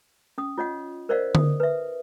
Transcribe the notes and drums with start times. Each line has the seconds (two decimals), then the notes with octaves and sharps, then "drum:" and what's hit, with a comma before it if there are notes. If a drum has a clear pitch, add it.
0.38 C#4 D#6
0.58 F4 C#5 D#5 F#5
1.09 A#4 C5 D5 D#5 F5 F#5
1.35 D#6, drum: tom D3
1.60 B4 E5